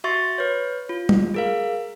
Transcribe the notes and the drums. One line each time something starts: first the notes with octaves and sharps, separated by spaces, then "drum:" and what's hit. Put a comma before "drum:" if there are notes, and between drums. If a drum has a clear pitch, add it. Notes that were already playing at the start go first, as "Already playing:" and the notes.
F#4 E5 C6 C#6 A6
B4 C#5
F4
drum: tom
G#4 A#4 F5